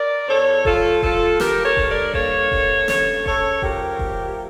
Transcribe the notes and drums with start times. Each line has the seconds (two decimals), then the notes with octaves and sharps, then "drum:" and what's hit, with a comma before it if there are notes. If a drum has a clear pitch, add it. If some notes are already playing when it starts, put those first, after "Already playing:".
Already playing: A#4 D5
0.28 E2 A4 C#5
0.65 F3 F4 A4, drum: kick E1
1.02 F3 F4 A4, drum: kick E1
1.40 G2 G4 A#4, drum: snare
1.65 A4 C#5
1.77 G2, drum: kick E1
1.90 A#4 D5
2.14 A#3 A4 C#5, drum: kick E1
2.52 G2, drum: kick E1
2.88 C#3 A4 C#5, drum: snare
3.26 C#3 A4 C#5, drum: kick E1
3.62 F3 G4 A#4, drum: kick E1
3.99 A3, drum: kick E1